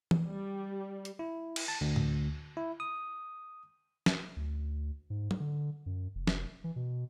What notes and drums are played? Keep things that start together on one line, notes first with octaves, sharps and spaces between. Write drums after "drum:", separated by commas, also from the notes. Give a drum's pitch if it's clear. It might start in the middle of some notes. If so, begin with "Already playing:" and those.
drum: tom E3
G3
drum: hi-hat
E4
drum: cymbal
A5
D2
drum: tom A2
E4
D#6
drum: snare
D2
G#2
drum: tom
D3
F#2
F1
drum: snare
E3
B2